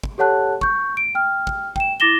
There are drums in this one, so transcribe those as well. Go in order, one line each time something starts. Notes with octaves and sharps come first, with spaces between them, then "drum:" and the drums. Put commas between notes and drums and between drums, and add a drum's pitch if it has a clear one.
drum: kick
G4 A4 C#5 F#5 A5 F#6
C#6 G6, drum: kick
D7
G5 F6
drum: kick
G5 E7, drum: kick
E4 D6 A6 A#6 E7 G7